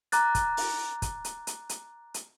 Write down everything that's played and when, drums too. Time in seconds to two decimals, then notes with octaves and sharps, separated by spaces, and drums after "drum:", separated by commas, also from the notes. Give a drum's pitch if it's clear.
0.12 A#5 D6 F#6 A6, drum: hi-hat
0.35 drum: kick, hi-hat
0.57 drum: open hi-hat
1.02 drum: kick, hi-hat
1.24 drum: hi-hat
1.47 drum: hi-hat
1.69 drum: hi-hat
2.14 drum: hi-hat